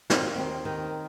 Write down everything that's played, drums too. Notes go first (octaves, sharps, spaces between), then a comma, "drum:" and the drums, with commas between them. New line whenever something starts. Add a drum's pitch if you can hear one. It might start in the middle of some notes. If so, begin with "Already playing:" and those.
D#3 C4, drum: snare
A#3
D#2 C4
D#3